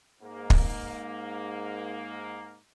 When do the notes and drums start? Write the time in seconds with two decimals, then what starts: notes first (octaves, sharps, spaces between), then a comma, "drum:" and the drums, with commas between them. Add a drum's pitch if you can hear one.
0.23 G#2 A#3
0.50 drum: kick